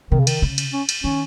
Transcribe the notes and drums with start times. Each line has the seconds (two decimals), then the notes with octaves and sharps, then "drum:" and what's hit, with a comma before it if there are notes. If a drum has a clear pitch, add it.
0.11 C3 D#3
0.20 C#3
0.27 D#3, drum: cymbal
0.42 C#3
0.58 drum: cymbal
0.73 C#4
0.89 drum: cymbal
1.04 D#3 C#4